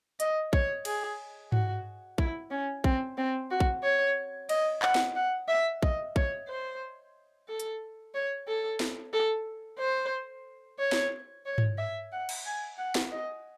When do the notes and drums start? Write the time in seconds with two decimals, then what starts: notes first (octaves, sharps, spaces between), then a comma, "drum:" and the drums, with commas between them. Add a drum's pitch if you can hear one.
0.20 D#5, drum: hi-hat
0.53 C#5, drum: kick
0.85 G#4, drum: cymbal
1.52 F#4, drum: tom G#2
2.18 E4, drum: kick
2.51 C#4
2.84 C4, drum: kick
3.17 C4
3.51 F#4
3.60 drum: kick
3.83 C#5
4.49 D#5, drum: cymbal
4.82 F#5, drum: clap
4.95 drum: snare
5.16 F#5
5.49 E5
5.83 D#5, drum: kick
6.16 C#5, drum: kick
6.48 C5
7.48 A4
7.60 drum: hi-hat
8.15 C#5
8.48 A4
8.80 drum: snare
9.13 A4
9.79 C5
10.79 C#5
10.92 drum: snare
11.46 C#5
11.58 drum: tom G#2
11.78 E5
12.12 F#5
12.29 drum: cymbal
12.45 G#5
12.78 F#5
12.95 drum: snare
13.12 D#5